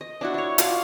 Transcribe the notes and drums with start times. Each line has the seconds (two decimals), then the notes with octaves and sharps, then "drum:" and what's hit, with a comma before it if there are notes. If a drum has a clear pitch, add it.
0.01 D#5
0.21 D4 E4 F#4
0.34 D4 C#5
0.58 F4 F#4 D5 F5, drum: hi-hat